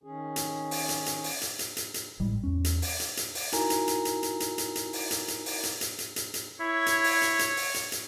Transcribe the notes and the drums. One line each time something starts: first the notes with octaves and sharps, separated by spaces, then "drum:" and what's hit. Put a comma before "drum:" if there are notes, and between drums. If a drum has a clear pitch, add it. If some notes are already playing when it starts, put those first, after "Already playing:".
D#3 C#4 G#4
drum: hi-hat
drum: open hi-hat
drum: hi-hat
drum: hi-hat
drum: open hi-hat
drum: hi-hat
drum: hi-hat
drum: hi-hat
drum: hi-hat
G#1 A2 G3 G#3
E2 C#4
drum: hi-hat
drum: open hi-hat
drum: hi-hat
drum: hi-hat
drum: open hi-hat
D#4 E4 F#4 A#4 G#5 A#5, drum: hi-hat
drum: hi-hat
drum: hi-hat
drum: hi-hat
drum: hi-hat
drum: hi-hat
drum: hi-hat
drum: hi-hat
drum: open hi-hat
drum: hi-hat
drum: hi-hat
drum: open hi-hat
drum: hi-hat
drum: hi-hat
drum: hi-hat
drum: hi-hat
drum: hi-hat
E4 C#5
drum: hi-hat
drum: open hi-hat
drum: hi-hat
drum: hi-hat
drum: open hi-hat
drum: hi-hat
drum: hi-hat